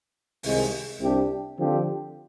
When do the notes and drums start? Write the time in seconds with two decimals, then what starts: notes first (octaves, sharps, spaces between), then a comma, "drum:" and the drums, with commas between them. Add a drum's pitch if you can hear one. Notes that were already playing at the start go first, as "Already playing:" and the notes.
0.43 C2 C3 D#3 G#3, drum: open hi-hat
1.00 C2 C3 G3 D4 G4
1.58 D3 F3 C4 G4